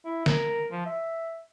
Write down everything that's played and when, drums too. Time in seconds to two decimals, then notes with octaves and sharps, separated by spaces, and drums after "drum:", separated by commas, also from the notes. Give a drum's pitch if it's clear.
0.05 E4
0.26 A#4, drum: snare
0.72 F3
0.86 E5